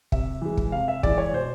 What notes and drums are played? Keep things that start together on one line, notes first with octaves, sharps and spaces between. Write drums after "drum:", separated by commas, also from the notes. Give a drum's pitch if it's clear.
C3 E5, drum: kick
E3 G#3
drum: kick
C3 F5
E5
E3 G#3 D5, drum: kick
C#5
B2 C5